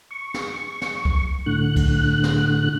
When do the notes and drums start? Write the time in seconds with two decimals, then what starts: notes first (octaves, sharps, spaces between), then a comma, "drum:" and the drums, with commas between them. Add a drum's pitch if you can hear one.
0.11 C#6
0.34 drum: snare
0.82 drum: snare
1.05 drum: kick C2
1.46 A2 D3 F#6
1.76 drum: kick C2, cymbal
2.24 drum: snare